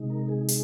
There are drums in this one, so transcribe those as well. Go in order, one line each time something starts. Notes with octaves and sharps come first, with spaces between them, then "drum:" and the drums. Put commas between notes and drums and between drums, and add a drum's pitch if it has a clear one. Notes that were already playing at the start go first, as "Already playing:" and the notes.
Already playing: C3 G#3 D#4
A#4
G#4
G#4, drum: hi-hat